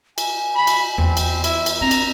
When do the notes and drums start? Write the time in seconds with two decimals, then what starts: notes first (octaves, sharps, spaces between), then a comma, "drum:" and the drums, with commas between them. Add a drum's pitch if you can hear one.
0.18 G#5, drum: cymbal
0.55 B5
0.67 drum: cymbal
0.98 E2 B3 C4
1.17 drum: cymbal
1.44 E4, drum: cymbal
1.66 drum: cymbal
1.81 C4 D4 A#5
1.91 drum: cymbal